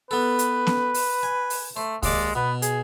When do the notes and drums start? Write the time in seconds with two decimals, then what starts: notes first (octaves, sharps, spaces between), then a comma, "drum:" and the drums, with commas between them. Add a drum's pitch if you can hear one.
0.11 B3 A4 B4
0.39 drum: hi-hat
0.67 drum: snare B3
0.94 drum: open hi-hat
1.23 G#5
1.50 drum: open hi-hat
1.77 A3 C5
2.03 D#2 G#3 D5 A5, drum: kick C2, open hi-hat
2.35 B2 B3
2.62 G#4, drum: hi-hat